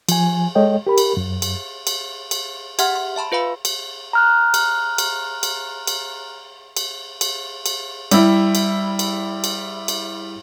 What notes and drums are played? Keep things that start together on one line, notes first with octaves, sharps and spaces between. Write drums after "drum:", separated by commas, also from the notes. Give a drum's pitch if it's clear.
F3 G#5, drum: cymbal
G#3 A4 C#5 D#5 G5
G4 A#4 B5
drum: cymbal
F#2
drum: cymbal
drum: cymbal
drum: cymbal
G4 E5 F#5 C6 F6, drum: cymbal
C6
E5 A5 B5 C6
F4 B4 F5 B5
drum: cymbal
A#5 F6 F#6
drum: cymbal
drum: cymbal
drum: cymbal
drum: cymbal
drum: cymbal
drum: cymbal
drum: cymbal
G3 E4, drum: cymbal
drum: cymbal
drum: cymbal
drum: cymbal
drum: cymbal